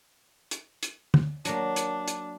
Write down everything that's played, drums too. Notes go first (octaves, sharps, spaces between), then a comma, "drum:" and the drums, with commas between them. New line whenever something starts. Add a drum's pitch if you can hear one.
drum: hi-hat
drum: hi-hat
drum: tom D3
F#3 A#3 D4, drum: hi-hat
drum: hi-hat
drum: hi-hat